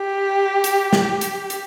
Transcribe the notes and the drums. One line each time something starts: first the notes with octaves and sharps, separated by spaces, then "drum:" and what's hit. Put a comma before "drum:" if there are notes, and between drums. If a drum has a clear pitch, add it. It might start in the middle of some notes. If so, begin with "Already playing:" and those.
Already playing: G4
drum: hi-hat
drum: snare
drum: hi-hat
drum: hi-hat